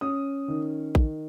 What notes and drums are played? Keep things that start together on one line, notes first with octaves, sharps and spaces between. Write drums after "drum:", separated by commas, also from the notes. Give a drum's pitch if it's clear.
C#4 D#6
D#3
D#3, drum: kick A#1